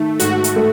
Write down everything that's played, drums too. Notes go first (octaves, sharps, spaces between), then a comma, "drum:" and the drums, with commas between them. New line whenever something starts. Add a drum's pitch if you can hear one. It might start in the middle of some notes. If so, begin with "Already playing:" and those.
Already playing: D#3 A3
G#2 F#4, drum: hi-hat
drum: hi-hat
A3